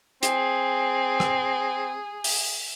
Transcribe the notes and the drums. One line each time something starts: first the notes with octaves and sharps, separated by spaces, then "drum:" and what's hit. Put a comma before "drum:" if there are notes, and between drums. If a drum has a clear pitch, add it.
C4 G#4, drum: hi-hat
drum: rim click
drum: open hi-hat